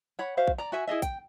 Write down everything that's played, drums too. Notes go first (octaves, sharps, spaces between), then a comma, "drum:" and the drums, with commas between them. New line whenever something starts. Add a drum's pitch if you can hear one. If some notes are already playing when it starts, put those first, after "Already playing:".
C#5 F#5 B5
F#4 C5 E5 F5
drum: kick A#1
D5 A#5
F#4 E5 G#5
E4 G#4 D#5 E5
G5, drum: kick A#1, hi-hat